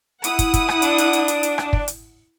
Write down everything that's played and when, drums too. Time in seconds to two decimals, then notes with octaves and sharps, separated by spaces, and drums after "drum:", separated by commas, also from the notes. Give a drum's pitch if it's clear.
0.24 E4 F#5 D#6, drum: hi-hat
0.39 drum: kick, hi-hat
0.54 drum: kick, hi-hat
0.68 drum: rim click
0.82 D4, drum: hi-hat
0.98 drum: hi-hat
1.13 drum: hi-hat
1.28 drum: hi-hat
1.43 drum: hi-hat
1.58 drum: rim click
1.73 drum: kick
1.88 drum: hi-hat